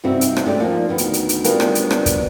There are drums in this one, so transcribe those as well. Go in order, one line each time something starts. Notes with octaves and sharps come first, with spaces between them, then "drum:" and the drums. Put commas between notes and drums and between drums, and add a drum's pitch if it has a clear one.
G2 C3 C4 D#4 F#4 E5
drum: hi-hat
drum: rim click
G#3 A3 C#4 G4 D5
F3 A#3 D#4
D2 D#3 B3
drum: hi-hat
drum: hi-hat
drum: hi-hat
F#3 G3 B3 D4 F4 A#4, drum: hi-hat
drum: rim click
drum: hi-hat
drum: rim click
drum: kick, hi-hat